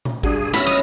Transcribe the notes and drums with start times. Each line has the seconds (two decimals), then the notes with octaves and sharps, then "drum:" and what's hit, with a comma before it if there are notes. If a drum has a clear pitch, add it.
0.05 drum: tom A#2
0.23 G2 D4 F#4 G#4, drum: kick G#1
0.54 B3 C#4 E4 B5 E6 F6 A#6, drum: snare
0.67 F#3 B3 D#5 D#6